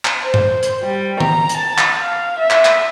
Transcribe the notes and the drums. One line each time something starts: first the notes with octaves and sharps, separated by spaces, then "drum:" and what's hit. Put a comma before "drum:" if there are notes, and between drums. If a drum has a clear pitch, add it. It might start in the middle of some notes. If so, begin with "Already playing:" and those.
drum: clap
C5
drum: tom G2
drum: hi-hat
G3
A#5, drum: tom D#3
drum: hi-hat
A5
drum: clap
F5
E5
drum: clap
drum: clap